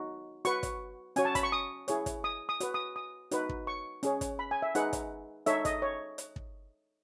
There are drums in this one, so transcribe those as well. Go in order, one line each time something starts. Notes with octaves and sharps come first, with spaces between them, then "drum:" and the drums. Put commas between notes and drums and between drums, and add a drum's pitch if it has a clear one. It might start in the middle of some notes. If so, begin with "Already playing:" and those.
Already playing: D#4 F#4
F#4 B4 C#6, drum: hi-hat
drum: kick, hi-hat
C#4 F#4 C#5 G#5, drum: hi-hat
A5
B5, drum: kick, hi-hat
C#6
D#6
E4 G#4 C#5, drum: hi-hat
drum: kick, hi-hat
D#6
D#6
F#4 B4, drum: hi-hat
D#6
D#6
D#4 F#4 B4, drum: hi-hat
drum: kick
C#6
C#4 G#4 C#5, drum: hi-hat
drum: kick, hi-hat
B5
G#5
E5
D#4 G#4 B4 F#5, drum: hi-hat
drum: kick, hi-hat
D#4 A4 C#5 E5, drum: hi-hat
D#5, drum: kick, hi-hat
C#5
drum: hi-hat
drum: kick